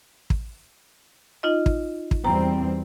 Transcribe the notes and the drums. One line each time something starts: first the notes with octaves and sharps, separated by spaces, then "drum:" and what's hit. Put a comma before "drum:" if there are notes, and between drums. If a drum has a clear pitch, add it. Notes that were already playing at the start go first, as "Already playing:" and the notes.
drum: kick
D#4 F4 D#5
drum: kick
drum: kick
E2 G3 C4 A#5